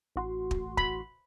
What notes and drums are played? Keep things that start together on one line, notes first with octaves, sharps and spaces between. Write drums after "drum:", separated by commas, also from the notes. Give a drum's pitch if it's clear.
A1 F#4 C6
drum: kick
B5, drum: kick